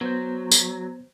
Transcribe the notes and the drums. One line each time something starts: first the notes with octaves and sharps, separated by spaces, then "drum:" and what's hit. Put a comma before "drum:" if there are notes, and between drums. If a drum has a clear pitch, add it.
F#3 B3 C5 G6
drum: tambourine